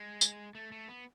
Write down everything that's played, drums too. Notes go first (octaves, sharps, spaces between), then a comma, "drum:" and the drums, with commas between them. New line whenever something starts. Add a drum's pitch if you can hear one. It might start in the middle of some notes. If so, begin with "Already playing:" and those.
Already playing: G#3
drum: tambourine
A3
A3
B3